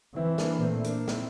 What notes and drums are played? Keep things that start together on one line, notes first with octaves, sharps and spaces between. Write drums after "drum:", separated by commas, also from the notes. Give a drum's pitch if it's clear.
E3 C4 E4
A#3 D4, drum: snare
A#2 A3 C4
E4
A#3 D4, drum: hi-hat
C4 E4, drum: snare